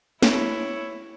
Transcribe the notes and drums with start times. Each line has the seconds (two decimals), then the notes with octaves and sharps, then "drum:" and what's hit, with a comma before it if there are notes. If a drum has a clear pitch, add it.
0.22 E4 C#5, drum: snare